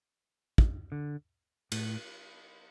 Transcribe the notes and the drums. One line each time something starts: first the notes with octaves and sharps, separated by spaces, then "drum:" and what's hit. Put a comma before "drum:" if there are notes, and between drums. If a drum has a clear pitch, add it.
drum: kick
D3
A2, drum: cymbal